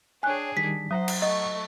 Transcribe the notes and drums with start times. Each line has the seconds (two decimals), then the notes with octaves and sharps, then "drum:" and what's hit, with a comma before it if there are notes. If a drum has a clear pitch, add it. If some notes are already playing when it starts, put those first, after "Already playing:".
0.23 D4 G#4 C#5 G5 G#5 F#6
0.57 D#3 G3 B6
0.91 F#3 C5 F#5 A#5 D#6
1.08 drum: cymbal
1.22 A3 D#5 C#6